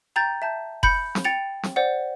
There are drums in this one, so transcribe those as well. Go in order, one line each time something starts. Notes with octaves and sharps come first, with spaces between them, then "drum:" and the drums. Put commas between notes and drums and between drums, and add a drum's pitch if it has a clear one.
G5 A#5 G6 A6
E5 A5 G6
B5 G6 C#7, drum: kick F1
drum: snare
G5 A6 C#7 F7
drum: snare
C5 D5 F#5